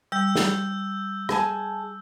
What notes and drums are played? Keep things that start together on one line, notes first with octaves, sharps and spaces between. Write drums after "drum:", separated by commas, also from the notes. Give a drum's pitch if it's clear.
G3 E6 G6
drum: snare
G#4 G#5 A5, drum: rim click